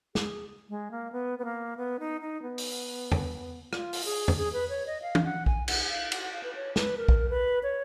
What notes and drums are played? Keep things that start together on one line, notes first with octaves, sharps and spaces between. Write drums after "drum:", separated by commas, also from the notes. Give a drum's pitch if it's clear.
G#4, drum: snare
G#3
A#3
B3
B3
A#3
B3
D#4
D#4
B3
drum: open hi-hat
drum: tom E2
F4, drum: rim click
drum: open hi-hat
G#4
drum: tom E2
G#4
B4
C#5
D#5
F5
drum: tom
F#5
G#5, drum: kick B1
F#5, drum: cymbal
F#5
F5
F#5, drum: cymbal
F#5
F5
B4
C#5
B4, drum: snare
A#4
drum: kick B1
B4
C#5